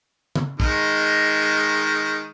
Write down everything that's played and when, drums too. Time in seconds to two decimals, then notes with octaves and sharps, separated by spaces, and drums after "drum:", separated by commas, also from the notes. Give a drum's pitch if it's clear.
0.35 drum: tom C#3
0.60 D#3 G#3, drum: kick